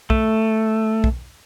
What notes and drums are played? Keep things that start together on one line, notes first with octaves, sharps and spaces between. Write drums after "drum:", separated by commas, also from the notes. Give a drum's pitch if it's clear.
A3, drum: kick
drum: kick